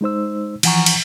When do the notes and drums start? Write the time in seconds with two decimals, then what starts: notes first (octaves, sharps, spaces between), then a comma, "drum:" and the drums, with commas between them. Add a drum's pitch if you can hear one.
0.01 G#3 D#4 C5 E6
0.63 E3 F3 F#5 G#5 A#5 C#6, drum: cymbal
0.86 drum: cymbal